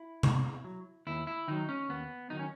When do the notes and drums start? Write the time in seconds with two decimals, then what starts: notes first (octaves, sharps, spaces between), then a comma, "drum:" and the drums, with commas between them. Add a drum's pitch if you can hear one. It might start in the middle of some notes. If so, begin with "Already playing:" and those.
Already playing: E4
0.23 G#2, drum: tom C3
0.64 F#3
1.07 D#2 E4
1.27 E4
1.48 D#3 F#3 D#4
1.69 C#4
1.89 D#2 B3
2.30 D#3 F#3 D#4
2.39 C#4